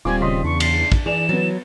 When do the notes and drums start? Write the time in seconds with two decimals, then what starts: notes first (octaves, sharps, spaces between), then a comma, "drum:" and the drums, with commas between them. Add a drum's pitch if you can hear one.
0.05 D#1 G3 C4 F4 G#5 C#6 D6
0.21 C#3 D#5 C6 B6
0.44 E2 D4 C#6
0.60 C7, drum: cymbal
0.92 drum: kick
1.06 E3 G#4 D5 E7 F7
1.29 F#3 B3 A6